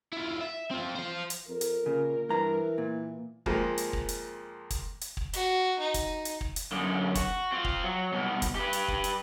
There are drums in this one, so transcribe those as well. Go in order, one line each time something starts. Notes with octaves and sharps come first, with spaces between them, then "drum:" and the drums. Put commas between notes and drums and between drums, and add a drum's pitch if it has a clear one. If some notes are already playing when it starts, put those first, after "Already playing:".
E4 F4
E5
C4 F4
C5 F5
drum: hi-hat
F2 A#4
drum: hi-hat
A#2 C#3
G2 E3 A#5
A#2
F2 F3 G#3 A#3, drum: kick
drum: hi-hat
drum: kick
drum: hi-hat
drum: kick, hi-hat
drum: hi-hat
drum: kick
F#4, drum: hi-hat
D#4
drum: kick, hi-hat
drum: hi-hat
drum: kick
drum: hi-hat
F#2 D3
F#4, drum: kick, hi-hat
C4 F4
drum: kick
F#3
C2 B2
drum: kick, hi-hat
G4 B4
drum: hi-hat
drum: kick
drum: hi-hat